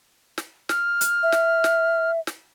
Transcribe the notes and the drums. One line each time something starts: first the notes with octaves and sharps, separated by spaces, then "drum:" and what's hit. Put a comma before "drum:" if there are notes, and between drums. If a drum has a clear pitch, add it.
drum: snare
F6, drum: snare
drum: hi-hat
E5
drum: snare
drum: snare
drum: snare